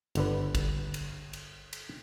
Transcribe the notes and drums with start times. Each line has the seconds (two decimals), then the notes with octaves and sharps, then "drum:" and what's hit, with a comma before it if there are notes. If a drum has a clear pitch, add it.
0.15 G1 D3 B4, drum: cymbal
0.55 drum: kick, cymbal
0.94 drum: cymbal
1.33 drum: cymbal
1.73 drum: cymbal